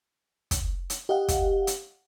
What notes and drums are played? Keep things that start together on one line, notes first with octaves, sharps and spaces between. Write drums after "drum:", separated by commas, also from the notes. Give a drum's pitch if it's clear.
drum: kick, hi-hat
drum: hi-hat
G4 D#5 F5 F#5
drum: kick, hi-hat
drum: hi-hat